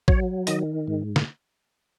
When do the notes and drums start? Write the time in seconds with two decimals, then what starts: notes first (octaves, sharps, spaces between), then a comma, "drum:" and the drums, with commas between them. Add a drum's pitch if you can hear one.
0.08 F#3 C#5, drum: kick
0.47 D#3 D#5, drum: open hi-hat
0.87 G#2
1.16 drum: snare